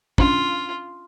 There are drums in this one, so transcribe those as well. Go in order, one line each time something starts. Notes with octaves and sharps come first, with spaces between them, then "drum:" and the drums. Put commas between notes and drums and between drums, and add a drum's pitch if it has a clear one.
C#4 D4 F4, drum: kick